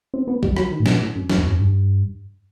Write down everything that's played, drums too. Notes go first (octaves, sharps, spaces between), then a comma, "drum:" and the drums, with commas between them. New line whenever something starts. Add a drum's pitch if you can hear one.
C4
B3
G3, drum: kick
F#3, drum: rim click
D#3
A2
B2, drum: snare
A2
F#2
F#2, drum: snare
E2
F#2
G2